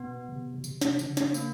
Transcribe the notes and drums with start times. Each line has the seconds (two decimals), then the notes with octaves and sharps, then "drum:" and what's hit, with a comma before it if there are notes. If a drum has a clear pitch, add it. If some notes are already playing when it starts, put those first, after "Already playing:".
Already playing: B2 B3
0.28 C3
0.54 B2
0.64 C3, drum: tambourine
0.81 drum: snare
0.99 C#3, drum: tambourine
1.17 drum: snare
1.34 A#3, drum: tambourine